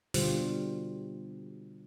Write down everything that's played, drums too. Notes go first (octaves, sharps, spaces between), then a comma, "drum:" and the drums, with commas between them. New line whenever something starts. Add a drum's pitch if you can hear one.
B2 D3 G3 F4 G4 C5, drum: open hi-hat